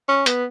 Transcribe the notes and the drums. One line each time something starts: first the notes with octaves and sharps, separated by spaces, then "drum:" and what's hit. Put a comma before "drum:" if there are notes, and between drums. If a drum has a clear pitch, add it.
C#4
B3, drum: hi-hat